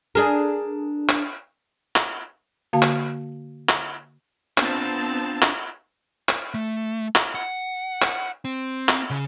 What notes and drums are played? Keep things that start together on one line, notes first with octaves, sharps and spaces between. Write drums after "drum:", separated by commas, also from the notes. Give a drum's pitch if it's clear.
D4 G#4 A#4
drum: clap
drum: clap
D3 A#3 F#4 F5 A5
drum: clap
drum: clap
B3 C4 D4 F4 A5, drum: clap
drum: clap
drum: clap
A3
drum: clap
F#5
drum: clap
C4
drum: clap
C#3